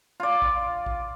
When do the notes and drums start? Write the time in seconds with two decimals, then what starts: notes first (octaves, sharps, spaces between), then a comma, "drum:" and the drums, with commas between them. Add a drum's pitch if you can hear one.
0.20 F4 D5
0.42 drum: kick
0.86 drum: kick